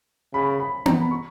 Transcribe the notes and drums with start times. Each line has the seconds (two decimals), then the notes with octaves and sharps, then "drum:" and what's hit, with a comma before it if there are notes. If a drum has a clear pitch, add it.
0.33 C#3 B5
0.60 B5
0.86 A#5, drum: tom B3
1.01 B5
1.11 C#6